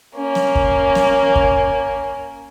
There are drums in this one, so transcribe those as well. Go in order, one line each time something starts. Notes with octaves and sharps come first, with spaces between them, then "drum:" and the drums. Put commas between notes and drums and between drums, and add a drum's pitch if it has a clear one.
A#3 C#4
drum: snare
drum: kick
drum: snare
drum: kick